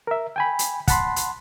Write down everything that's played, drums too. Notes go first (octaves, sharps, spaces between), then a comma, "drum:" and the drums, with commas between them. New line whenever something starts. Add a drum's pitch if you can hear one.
A#4 E5
G5 G#5 B5
drum: hi-hat
F#5 A5 B5 C6, drum: kick, hi-hat
drum: hi-hat